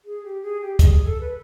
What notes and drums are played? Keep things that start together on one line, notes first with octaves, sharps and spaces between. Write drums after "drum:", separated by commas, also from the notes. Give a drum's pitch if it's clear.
G#4
G4
G#4
G4
G#4, drum: kick, hi-hat
A4
B4